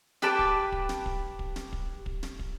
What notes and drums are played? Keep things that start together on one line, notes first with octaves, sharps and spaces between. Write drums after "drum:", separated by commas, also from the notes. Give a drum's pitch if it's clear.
G4 B4 A5 D6, drum: snare
drum: kick
drum: kick
drum: snare
drum: kick
drum: kick
drum: snare
drum: kick
drum: kick
drum: snare
drum: kick